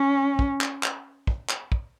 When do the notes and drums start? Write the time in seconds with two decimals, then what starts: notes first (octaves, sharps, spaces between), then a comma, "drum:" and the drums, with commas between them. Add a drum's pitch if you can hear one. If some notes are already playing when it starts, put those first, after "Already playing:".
Already playing: C#4
0.39 drum: kick
0.61 drum: clap
0.83 drum: clap
1.27 drum: kick
1.50 drum: clap
1.72 drum: kick